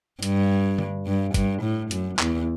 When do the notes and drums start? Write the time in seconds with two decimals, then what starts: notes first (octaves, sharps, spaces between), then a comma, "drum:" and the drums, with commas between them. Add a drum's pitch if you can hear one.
0.23 G2, drum: hi-hat
0.79 drum: tom D3
1.07 G2
1.34 G2, drum: kick G1, hi-hat
1.63 A2
1.91 F#2, drum: hi-hat
2.19 E2, drum: clap